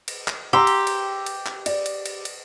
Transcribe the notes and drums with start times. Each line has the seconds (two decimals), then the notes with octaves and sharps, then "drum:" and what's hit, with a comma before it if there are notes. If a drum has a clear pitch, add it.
0.08 drum: cymbal
0.28 drum: clap
0.53 G4 A#5 C6 E6
0.67 drum: cymbal
0.87 drum: cymbal
1.26 drum: cymbal
1.46 drum: clap
1.66 D5, drum: cymbal
1.86 drum: cymbal
2.06 drum: cymbal
2.25 drum: cymbal